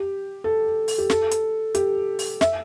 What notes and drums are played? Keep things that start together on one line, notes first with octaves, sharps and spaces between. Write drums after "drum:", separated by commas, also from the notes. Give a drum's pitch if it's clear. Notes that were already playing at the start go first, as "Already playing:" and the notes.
Already playing: G4
A4
drum: open hi-hat
G4
A4, drum: snare
drum: hi-hat
G4, drum: hi-hat
drum: open hi-hat
E5, drum: snare